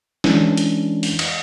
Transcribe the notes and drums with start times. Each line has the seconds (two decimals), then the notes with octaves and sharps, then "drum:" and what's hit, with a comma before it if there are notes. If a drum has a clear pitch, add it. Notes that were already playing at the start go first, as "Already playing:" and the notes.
0.24 E3 G#3 C#4 D4 E4, drum: snare
0.57 drum: hi-hat
1.03 drum: open hi-hat
1.19 drum: cymbal